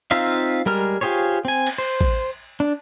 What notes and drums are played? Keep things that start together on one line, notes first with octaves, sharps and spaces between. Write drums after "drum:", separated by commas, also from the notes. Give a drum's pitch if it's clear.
C4 D#4 F4 E5 F5
G3 G#3 A#4 A#5 F6
F4 G4 G#4 C5 C#5
C4 G#5
drum: cymbal
C5
drum: kick
D4